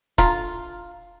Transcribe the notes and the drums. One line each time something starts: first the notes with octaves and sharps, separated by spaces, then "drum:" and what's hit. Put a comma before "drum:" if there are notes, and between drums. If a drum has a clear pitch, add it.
D3 A3 F4 A#5, drum: kick